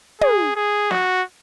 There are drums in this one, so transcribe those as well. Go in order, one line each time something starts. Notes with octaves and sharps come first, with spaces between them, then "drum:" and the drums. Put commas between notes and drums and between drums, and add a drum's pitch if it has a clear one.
G#4, drum: tom
G#4
F#4, drum: snare